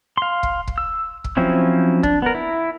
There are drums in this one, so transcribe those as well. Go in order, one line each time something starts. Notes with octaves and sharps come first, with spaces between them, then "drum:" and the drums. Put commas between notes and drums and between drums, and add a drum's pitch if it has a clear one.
F5 C6
drum: kick
drum: kick
E6
drum: kick
F3 F#3 C4 C#4 E4
D4, drum: kick
B3 A#4
E4